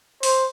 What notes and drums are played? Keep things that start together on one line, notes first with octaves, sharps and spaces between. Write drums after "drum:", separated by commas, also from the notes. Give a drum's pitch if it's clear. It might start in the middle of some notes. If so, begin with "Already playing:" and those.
C5, drum: open hi-hat